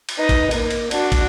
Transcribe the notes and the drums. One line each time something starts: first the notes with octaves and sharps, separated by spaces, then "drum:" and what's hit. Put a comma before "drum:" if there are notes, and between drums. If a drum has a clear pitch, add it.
drum: cymbal
D#4 B4
drum: kick, cymbal
A#3, drum: cymbal
drum: cymbal
D4 F#4, drum: cymbal
drum: kick, cymbal